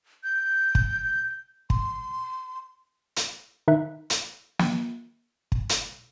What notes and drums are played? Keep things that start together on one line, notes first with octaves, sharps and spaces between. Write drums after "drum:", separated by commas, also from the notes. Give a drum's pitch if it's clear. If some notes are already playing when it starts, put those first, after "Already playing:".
G6
drum: kick
C6, drum: kick
drum: hi-hat
D#3 D#4 E5 F#6
drum: hi-hat
drum: snare
drum: kick
drum: hi-hat